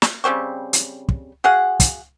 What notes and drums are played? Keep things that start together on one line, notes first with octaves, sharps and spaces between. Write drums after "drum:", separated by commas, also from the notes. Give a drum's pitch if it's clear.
drum: snare
C#3 G3 C4 C#6
drum: hi-hat
drum: kick
F#4 G#4 F5 F#5
drum: kick, hi-hat